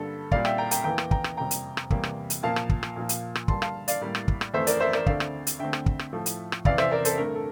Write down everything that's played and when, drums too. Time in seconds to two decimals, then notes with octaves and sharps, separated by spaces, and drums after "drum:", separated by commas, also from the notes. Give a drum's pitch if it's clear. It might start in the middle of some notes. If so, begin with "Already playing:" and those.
Already playing: G2 D3 G3 A#3 A4
0.31 A#2 G3 A#3 D5 F5, drum: kick
0.45 E5 G5, drum: rim click
0.58 G5 A#5
0.71 G5 A#5, drum: hi-hat
0.84 E2 E3 A#3 G5 A#5
0.98 drum: rim click
1.11 G5 A#5, drum: kick
1.24 drum: rim click
1.37 F2 C3 G3 A#3 G5 A#5
1.51 drum: hi-hat
1.77 drum: rim click
1.90 E2 C3 G3 A#3, drum: kick
2.03 drum: rim click
2.30 drum: hi-hat
2.43 A#2 F3 A#3 F5 A5
2.56 drum: rim click
2.69 drum: kick
2.83 drum: rim click
2.96 A#2 F3 A#3
3.09 drum: hi-hat
3.35 drum: rim click
3.48 G2 D3 G3 A#3 A5 C6, drum: kick
3.62 F5 A5, drum: rim click
3.88 D5 F5, drum: hi-hat
4.01 A2 G3 A#3
4.15 drum: rim click
4.28 drum: kick
4.41 drum: rim click
4.54 F2 E3 A3 C5 E5
4.67 A#4 D5, drum: hi-hat
4.80 C5 E5
4.93 A#4 D5, drum: rim click
5.06 D2 D3 A3 C4 D5 F5, drum: kick
5.20 drum: rim click
5.47 drum: hi-hat
5.59 D2 D3 A3 C4 E5 G5
5.73 drum: rim click
5.86 drum: kick
5.99 drum: rim click
6.13 A2 F3 A3
6.26 drum: hi-hat
6.52 drum: rim click
6.65 E2 C3 E3 D5 F5, drum: kick
6.78 C5 E5, drum: rim click
6.91 A#4 D5
7.05 A4 C5, drum: hi-hat
7.18 G2 D3 A3 C4 A#4
7.35 A4